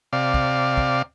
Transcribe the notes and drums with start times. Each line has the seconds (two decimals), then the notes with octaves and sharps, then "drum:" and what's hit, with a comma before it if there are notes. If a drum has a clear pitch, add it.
0.13 C3 D5 F5
0.34 drum: kick
0.77 drum: kick